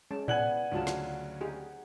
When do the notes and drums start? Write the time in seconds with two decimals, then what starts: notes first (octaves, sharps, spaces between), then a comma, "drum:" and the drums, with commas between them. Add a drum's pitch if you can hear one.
0.11 G#3 C#4 A5
0.28 B3 E4 D5 F#5 G#5 F#7, drum: tom A2
0.72 D2 C#3 F#3 D4 F4 A5
0.87 drum: snare
1.41 D#4 G4 G#4